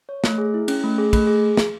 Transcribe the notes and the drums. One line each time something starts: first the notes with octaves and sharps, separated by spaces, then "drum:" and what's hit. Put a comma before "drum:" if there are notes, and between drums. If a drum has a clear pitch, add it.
C#5
A3, drum: snare
G#4
E4
C#4, drum: cymbal
A3
G#4
A3, drum: kick, cymbal
G#4
drum: snare